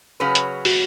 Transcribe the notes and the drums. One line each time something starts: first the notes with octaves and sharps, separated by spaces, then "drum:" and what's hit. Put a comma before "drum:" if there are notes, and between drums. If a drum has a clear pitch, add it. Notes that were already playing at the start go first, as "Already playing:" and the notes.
C#3 F#3 C#4 G#4 B4
drum: hi-hat
F#4, drum: open hi-hat